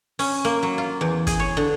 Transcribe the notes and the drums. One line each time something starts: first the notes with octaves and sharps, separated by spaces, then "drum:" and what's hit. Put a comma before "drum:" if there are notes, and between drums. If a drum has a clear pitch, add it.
C#4, drum: open hi-hat
A#3
F#3
F4
E2
G#4, drum: kick, hi-hat
C#5
D3